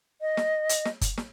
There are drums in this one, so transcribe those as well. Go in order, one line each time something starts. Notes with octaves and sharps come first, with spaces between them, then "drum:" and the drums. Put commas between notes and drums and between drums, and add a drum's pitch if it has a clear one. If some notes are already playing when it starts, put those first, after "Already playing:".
D#5
drum: snare
drum: hi-hat
drum: snare
drum: kick F#1, hi-hat
drum: snare